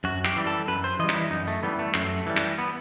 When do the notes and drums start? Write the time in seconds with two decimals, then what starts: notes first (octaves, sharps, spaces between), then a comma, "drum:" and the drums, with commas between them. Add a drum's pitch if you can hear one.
0.04 F#2 F#4
0.25 G4, drum: clap
0.36 E3 G3
0.47 A4
0.68 F#2 B4
0.84 C5
0.99 E3 G3 D#5
1.09 D#4, drum: clap
1.15 E4
1.31 F#2 D#4
1.47 A3
1.63 E3 G3 B3
1.79 A3
1.94 F#2, drum: clap
2.27 E3 G3
2.37 drum: clap
2.58 B3